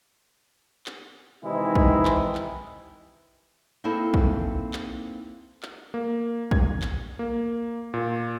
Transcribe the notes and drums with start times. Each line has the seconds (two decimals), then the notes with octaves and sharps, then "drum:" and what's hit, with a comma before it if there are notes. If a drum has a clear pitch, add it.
0.86 drum: clap
1.44 C3 D#3 E3 G#3 D#4 E4
1.75 drum: kick
2.05 drum: clap
2.35 drum: clap
3.84 A#3 C4 D#4 E4 A4
4.14 drum: kick
4.73 drum: clap
5.63 drum: clap
5.94 A#3
6.51 G#6, drum: kick
6.82 drum: clap
7.19 A#3
7.94 A#2